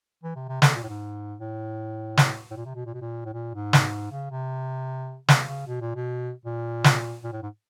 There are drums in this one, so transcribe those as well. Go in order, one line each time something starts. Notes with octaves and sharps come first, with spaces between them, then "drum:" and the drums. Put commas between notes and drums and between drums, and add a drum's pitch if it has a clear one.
E3
C3
C3
D3, drum: snare
A#2
A2
G#2
A2
drum: snare
A2
A#2
C3
B2
A#2
B2
A#2
A2
A#2
G#2
drum: snare
C#3
C3
C#3, drum: snare
C#3
B2
A#2
B2
A#2
drum: snare
A#2
A2
G#2